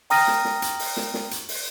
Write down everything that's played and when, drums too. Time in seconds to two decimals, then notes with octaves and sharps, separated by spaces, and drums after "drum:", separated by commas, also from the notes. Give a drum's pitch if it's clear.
0.10 G5 A#5 D#6 F6 A#6 D#7, drum: open hi-hat
0.27 drum: snare
0.45 drum: snare
0.62 drum: hi-hat
0.79 drum: open hi-hat
0.97 drum: snare
1.14 drum: snare
1.31 drum: hi-hat
1.49 drum: open hi-hat